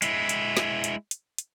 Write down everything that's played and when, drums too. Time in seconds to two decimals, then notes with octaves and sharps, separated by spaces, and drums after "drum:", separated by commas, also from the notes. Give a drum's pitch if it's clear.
0.02 G#3 E4, drum: hi-hat
0.29 drum: hi-hat
0.57 drum: snare
0.84 drum: hi-hat
1.11 drum: hi-hat
1.38 drum: hi-hat